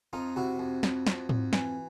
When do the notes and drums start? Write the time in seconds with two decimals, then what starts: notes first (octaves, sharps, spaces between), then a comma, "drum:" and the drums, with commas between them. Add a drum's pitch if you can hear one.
0.13 F2 D#4 F4
0.36 C3 E4 F#4
0.59 F2
0.83 F2, drum: snare
1.07 F2, drum: snare
1.29 F2, drum: tom
1.53 E3, drum: snare